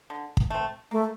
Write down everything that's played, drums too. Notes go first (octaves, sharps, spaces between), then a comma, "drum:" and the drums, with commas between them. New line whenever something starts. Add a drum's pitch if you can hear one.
D3
drum: kick
A3 C4
A3 A#3